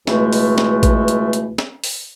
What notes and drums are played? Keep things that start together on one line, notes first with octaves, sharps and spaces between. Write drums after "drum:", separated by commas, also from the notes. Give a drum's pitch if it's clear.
C#2 B2 E3 G#3 A3, drum: snare
drum: open hi-hat
drum: snare
drum: kick A1, hi-hat
drum: hi-hat
drum: hi-hat
drum: snare
drum: open hi-hat